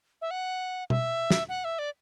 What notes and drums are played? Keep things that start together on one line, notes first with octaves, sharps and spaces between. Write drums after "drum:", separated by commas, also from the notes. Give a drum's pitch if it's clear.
E5
F#5
E5, drum: tom B2
drum: snare
F#5
E5
D5